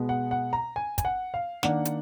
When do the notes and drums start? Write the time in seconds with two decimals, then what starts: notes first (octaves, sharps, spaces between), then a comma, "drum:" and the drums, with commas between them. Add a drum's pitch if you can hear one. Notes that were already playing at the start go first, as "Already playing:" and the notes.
Already playing: B2 G#3 B3
0.09 F#5
0.31 F#5
0.53 A#5
0.76 G#5
0.98 G#5, drum: kick, hi-hat
1.05 F#5
1.34 F5
1.63 D#3 A#3 D4 F#5, drum: snare
1.85 drum: hi-hat